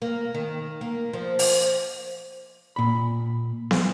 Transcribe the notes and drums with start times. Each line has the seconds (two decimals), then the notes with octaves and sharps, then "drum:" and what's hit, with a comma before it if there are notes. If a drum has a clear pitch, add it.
0.02 A#3
0.34 D#3
0.81 A#3
1.13 F3
1.39 drum: open hi-hat
2.76 A#2 B5
3.71 drum: snare